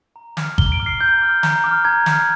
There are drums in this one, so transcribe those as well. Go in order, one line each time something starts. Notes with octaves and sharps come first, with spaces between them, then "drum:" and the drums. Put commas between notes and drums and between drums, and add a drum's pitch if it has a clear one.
A#5
D6 F6, drum: snare
A#5 G7, drum: kick G#1
D7
D6 F6
C7
A#5 G6
D6 F6
A#5, drum: snare
D6 F6
A#5 G#6
F6, drum: snare